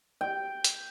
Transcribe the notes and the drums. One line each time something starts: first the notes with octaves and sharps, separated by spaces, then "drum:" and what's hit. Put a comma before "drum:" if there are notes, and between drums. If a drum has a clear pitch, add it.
G5
drum: hi-hat